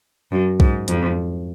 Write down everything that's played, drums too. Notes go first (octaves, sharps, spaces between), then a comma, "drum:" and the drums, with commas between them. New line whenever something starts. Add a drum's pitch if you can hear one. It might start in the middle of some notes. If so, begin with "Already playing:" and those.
F#2
G#2, drum: kick B1
F2, drum: hi-hat